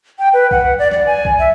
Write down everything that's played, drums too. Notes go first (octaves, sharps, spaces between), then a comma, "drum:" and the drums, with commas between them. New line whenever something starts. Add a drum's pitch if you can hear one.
G5
B4
F#5, drum: kick B1
D5
D5, drum: snare
G#5
drum: kick B1
E5